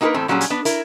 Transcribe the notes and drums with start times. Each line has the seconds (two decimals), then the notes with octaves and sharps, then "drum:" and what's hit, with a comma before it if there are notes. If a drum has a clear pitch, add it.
0.01 A#3 D#4 F#4 G#4 A#4 B4
0.14 E2 A2 C4 A4
0.28 A#2 F#3 G3 C#4 G#4
0.41 drum: hi-hat
0.50 B3 D4
0.65 E4 A#4, drum: hi-hat